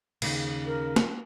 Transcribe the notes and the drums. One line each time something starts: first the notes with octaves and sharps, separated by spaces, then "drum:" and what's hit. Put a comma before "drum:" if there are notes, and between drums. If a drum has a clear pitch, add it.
D#2 C#3, drum: cymbal
A#4
drum: snare